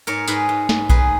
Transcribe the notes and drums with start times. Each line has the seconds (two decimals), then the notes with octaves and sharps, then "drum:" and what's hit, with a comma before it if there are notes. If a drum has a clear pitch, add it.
0.07 G#2 A#4 C#5
0.28 G#2 G#4 B4, drum: tambourine
0.49 G#2
0.69 G#2, drum: snare
0.89 D#3 G#4 B4, drum: kick A#1